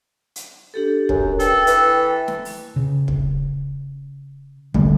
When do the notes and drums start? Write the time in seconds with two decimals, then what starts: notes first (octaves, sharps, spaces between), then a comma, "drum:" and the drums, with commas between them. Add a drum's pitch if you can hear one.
0.36 drum: hi-hat
0.74 D4 G4 A4
1.09 F#2, drum: kick
1.40 G2 A4 G5, drum: hi-hat
1.67 E3, drum: hi-hat
2.28 drum: snare
2.45 drum: open hi-hat
2.76 C#3
3.08 drum: kick
4.74 D3 G3 A3 A#3, drum: kick